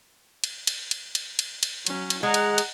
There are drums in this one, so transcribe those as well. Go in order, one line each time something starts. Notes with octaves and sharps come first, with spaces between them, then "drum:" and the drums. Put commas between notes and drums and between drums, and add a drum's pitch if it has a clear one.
drum: cymbal
drum: cymbal
drum: cymbal
drum: cymbal
drum: cymbal
drum: cymbal
F#3 C#4, drum: cymbal
drum: cymbal
G#3 F#5 A#5
drum: cymbal
drum: cymbal